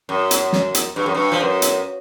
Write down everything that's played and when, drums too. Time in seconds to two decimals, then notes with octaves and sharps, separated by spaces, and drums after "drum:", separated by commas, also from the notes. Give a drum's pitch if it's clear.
0.09 F#2
0.31 drum: hi-hat
0.53 drum: snare
0.74 drum: hi-hat
0.96 G2
1.06 F#2
1.14 G2
1.32 F3
1.41 F#2
1.62 drum: hi-hat